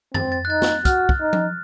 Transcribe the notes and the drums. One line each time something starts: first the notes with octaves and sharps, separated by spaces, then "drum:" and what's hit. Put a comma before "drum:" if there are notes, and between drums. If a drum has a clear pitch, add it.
C4 A6, drum: tom F2
A6
F#6
D#4 A6
drum: snare
F#4 F6, drum: kick, hi-hat
drum: kick
D#4
drum: tom F3